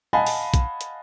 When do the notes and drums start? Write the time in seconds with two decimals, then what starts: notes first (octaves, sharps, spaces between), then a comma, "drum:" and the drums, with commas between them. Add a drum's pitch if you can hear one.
0.13 D#5 F5 F#5 G#5 A5 B5
0.27 drum: open hi-hat
0.54 drum: kick A#1, hi-hat
0.81 drum: hi-hat